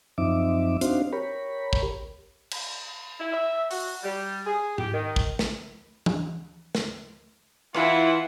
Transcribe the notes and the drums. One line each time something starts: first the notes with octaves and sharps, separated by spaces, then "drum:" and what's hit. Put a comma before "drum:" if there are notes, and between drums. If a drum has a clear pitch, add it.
F#2 F3 C4 D#4 E5 D6
C4 D4 D#4 F#4 C5 F5, drum: hi-hat
G4 A#4 C#5 B5
drum: kick
drum: cymbal
E4
E5
F#4, drum: open hi-hat
G3
G#4
G4, drum: tom G#2
D#3
drum: kick
drum: snare
drum: tom E3
drum: snare
E3 E4 F4 F#5, drum: rim click